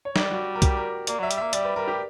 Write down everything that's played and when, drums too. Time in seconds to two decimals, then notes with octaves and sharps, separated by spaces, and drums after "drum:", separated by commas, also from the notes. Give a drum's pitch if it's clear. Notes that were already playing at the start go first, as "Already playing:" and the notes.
0.05 C#5
0.16 G3 D5, drum: snare
0.31 F#4
0.55 A#4
0.62 G4, drum: kick, hi-hat
0.77 A#4
1.07 A#3 D5, drum: hi-hat
1.19 F#3 E5
1.31 G3, drum: hi-hat
1.38 A#3 E5
1.53 G3 D5, drum: hi-hat
1.65 B4
1.76 G3 A#4
1.88 G4